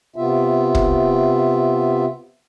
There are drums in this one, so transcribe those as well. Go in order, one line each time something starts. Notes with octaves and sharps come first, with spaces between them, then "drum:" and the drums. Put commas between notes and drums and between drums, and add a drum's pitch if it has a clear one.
C3 B3 F4 E5
drum: kick